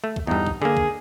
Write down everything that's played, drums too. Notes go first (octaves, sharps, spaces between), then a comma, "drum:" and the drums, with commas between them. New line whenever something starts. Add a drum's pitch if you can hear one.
A3
drum: kick C2
E2 G2 D#4
drum: kick C2
D3 A#3 G#4
drum: kick C2